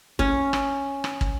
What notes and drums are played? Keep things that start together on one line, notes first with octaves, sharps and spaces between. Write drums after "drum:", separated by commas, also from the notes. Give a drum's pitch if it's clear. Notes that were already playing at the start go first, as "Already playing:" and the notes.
C#4, drum: kick
drum: rim click
drum: rim click
drum: kick